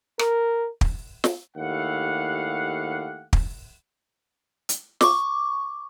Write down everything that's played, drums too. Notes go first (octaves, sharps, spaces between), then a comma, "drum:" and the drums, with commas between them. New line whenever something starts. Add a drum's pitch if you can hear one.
A#4, drum: rim click
drum: kick
drum: snare
D#2 A3 E4 G4 F5 F#5
drum: kick
drum: hi-hat
C#6 D6, drum: snare